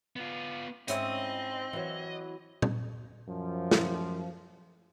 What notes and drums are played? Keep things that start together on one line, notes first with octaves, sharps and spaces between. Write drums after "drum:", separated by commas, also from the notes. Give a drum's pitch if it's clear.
B3 F4
G#2 C4 C#4 E4 D#5, drum: hi-hat
E3 F#3
drum: tom
F#2 F3
drum: snare